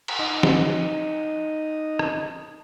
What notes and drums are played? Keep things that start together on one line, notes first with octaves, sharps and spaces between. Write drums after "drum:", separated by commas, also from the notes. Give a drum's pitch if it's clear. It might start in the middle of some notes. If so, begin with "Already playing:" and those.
drum: cymbal
D#4 D#5
drum: snare
drum: rim click